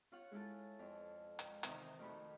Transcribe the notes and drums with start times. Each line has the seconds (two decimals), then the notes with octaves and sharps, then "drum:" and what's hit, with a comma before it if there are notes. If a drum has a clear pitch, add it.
0.12 F4 C#5 F#5
0.32 G#3 E4 F4 A4
0.79 F2
1.39 G5, drum: hi-hat
1.63 C3 D#3 E3 C5 D#5 A#5, drum: hi-hat
1.99 F2 D#3 A3 F#4 B5